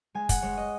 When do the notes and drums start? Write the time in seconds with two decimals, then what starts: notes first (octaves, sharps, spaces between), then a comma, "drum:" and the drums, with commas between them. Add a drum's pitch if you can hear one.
0.14 G#3 G#5
0.29 F#5, drum: kick, hi-hat
0.42 G#3 C#5
0.57 D#5